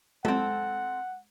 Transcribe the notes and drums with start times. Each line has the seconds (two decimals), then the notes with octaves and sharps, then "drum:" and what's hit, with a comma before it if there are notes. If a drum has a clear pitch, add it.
0.25 C4 A4 F#5, drum: tom G#3